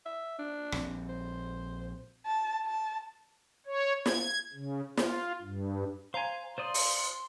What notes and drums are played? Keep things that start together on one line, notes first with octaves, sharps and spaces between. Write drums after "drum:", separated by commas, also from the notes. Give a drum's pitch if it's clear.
E5
D4
A#1 D#3 C4, drum: rim click
C5
A5
A5
C#5
G#6, drum: snare
C#3
F4, drum: snare
G2
C5 F5 G#5 A#5
C5 D5 C6 D#6
drum: open hi-hat